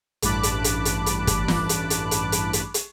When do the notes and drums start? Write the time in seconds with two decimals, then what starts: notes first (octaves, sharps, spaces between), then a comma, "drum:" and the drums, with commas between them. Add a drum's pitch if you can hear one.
0.22 A1 G2 A5 B5 D6 F#6, drum: hi-hat
0.43 drum: hi-hat
0.64 drum: hi-hat
0.85 drum: hi-hat
1.06 drum: hi-hat
1.27 drum: kick, hi-hat
1.48 drum: snare
1.69 drum: hi-hat
1.90 drum: hi-hat
2.11 drum: hi-hat
2.32 drum: hi-hat
2.53 drum: hi-hat
2.74 drum: hi-hat